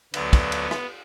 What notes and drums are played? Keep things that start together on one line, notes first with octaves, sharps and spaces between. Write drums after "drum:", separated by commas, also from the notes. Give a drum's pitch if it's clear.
D2 D3 F#3 B3, drum: cymbal
drum: kick, cymbal
drum: cymbal
drum: rim click